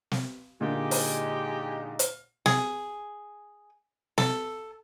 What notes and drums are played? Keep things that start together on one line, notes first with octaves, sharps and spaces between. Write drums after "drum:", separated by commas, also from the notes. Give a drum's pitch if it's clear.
drum: snare
A#2 D3 G#3 D#4 G4
drum: open hi-hat
drum: hi-hat
G#4, drum: snare
A4, drum: snare